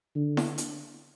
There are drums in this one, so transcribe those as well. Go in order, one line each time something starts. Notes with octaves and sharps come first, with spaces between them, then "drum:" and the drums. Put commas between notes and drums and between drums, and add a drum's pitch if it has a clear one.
D3
drum: snare E4
drum: hi-hat